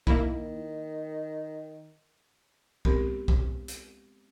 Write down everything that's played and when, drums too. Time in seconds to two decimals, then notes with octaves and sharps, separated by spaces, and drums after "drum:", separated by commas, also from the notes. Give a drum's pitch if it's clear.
0.07 D#3 A#3 E4, drum: kick B1
2.85 G#3 B3 C4 G4 A#4, drum: kick B1
3.28 drum: kick B1
3.68 drum: hi-hat